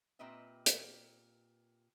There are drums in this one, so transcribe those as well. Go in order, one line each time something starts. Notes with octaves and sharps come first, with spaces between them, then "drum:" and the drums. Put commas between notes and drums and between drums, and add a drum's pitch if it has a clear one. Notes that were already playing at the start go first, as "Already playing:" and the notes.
A#2 C4 G4 B4 D#5 E5
drum: hi-hat